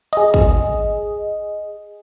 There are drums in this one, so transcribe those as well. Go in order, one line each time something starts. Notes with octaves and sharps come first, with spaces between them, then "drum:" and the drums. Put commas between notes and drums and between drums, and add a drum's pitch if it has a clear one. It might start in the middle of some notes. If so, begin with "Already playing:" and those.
G#4 D#5, drum: hi-hat
drum: kick